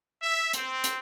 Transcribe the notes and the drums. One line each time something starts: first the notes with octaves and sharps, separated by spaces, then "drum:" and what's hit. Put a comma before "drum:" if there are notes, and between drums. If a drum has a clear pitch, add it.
E5
C4, drum: hi-hat
drum: hi-hat